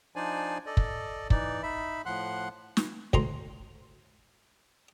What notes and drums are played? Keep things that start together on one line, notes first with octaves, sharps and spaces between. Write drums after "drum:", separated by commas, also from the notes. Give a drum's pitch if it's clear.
F3 D4 D#4 C5 D5 G#5
A4 D5 D#5
drum: kick
E3 D#4 D5, drum: kick
D#4 E5 B5
A2 F3 F#5 C6 F#6
drum: snare
D2 A#5 C6, drum: kick